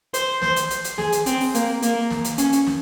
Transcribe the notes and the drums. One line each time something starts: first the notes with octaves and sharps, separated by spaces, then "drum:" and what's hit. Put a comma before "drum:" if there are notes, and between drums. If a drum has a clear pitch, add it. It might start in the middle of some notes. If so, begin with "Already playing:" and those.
C5, drum: hi-hat
C5, drum: snare
drum: hi-hat
drum: hi-hat
drum: hi-hat
G#4, drum: snare
drum: hi-hat
C4, drum: hi-hat
drum: open hi-hat
A#3, drum: hi-hat
A#3, drum: hi-hat
drum: snare
drum: hi-hat
C#4, drum: hi-hat
drum: hi-hat
drum: snare